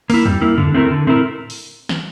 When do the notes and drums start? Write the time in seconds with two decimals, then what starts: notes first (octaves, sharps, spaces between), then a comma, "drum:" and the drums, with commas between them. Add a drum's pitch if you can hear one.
0.10 A#3 E4, drum: open hi-hat
0.25 G3, drum: tom E2
0.41 A#3 E4
0.58 D3, drum: tom E2
0.74 A3 C4 E4 A#4
0.91 D3
1.07 A3 C4 E4 A#4, drum: tom A2
1.50 drum: open hi-hat
1.89 drum: snare